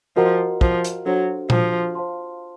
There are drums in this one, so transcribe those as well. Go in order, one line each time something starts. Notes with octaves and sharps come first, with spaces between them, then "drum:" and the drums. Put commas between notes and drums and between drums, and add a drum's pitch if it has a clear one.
F3 F#4 A#4 D#5 F#5 A#5
F3, drum: kick
drum: hi-hat
F#3 D4 F#4 A4 C5
F3, drum: tom A#2
C5 F5 A5 C6